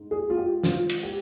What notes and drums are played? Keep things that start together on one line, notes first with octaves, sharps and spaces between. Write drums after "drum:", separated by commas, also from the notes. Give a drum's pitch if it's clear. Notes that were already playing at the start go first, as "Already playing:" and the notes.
Already playing: G#2
G#4
F4
G4
F4, drum: snare
drum: cymbal
G4